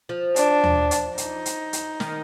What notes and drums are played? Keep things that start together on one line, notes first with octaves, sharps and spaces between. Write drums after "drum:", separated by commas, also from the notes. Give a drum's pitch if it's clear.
F3
D4, drum: hi-hat
drum: tom D#2
drum: hi-hat
D#4, drum: hi-hat
drum: hi-hat
drum: hi-hat
D#3, drum: snare